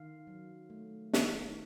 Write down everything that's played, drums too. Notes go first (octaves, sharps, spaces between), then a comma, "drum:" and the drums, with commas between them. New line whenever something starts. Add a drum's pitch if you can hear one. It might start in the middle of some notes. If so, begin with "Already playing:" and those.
Already playing: D#3 F5
F#3
A3
D#3, drum: snare